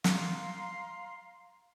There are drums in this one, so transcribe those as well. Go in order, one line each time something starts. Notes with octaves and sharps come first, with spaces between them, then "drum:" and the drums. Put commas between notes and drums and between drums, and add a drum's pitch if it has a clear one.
F5 A#5 C6, drum: snare